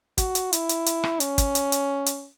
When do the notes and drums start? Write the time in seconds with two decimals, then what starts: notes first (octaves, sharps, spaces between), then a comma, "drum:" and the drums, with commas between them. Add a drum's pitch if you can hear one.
0.18 F#4, drum: kick, hi-hat
0.35 drum: hi-hat
0.53 E4, drum: hi-hat
0.69 drum: hi-hat
0.86 drum: hi-hat
1.04 drum: rim click
1.20 C#4, drum: hi-hat
1.38 drum: kick, hi-hat
1.55 drum: hi-hat
1.72 drum: hi-hat
2.06 drum: hi-hat